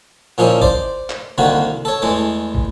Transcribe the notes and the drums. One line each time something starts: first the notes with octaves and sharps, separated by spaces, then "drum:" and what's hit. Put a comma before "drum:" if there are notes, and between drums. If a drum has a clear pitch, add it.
A#2 F3 C#4 D#4 E4
C5 D5, drum: kick
drum: clap
C2 D3 D#3 A#3 F#4
A4 C#5
E2 E3 G#3 A3
drum: kick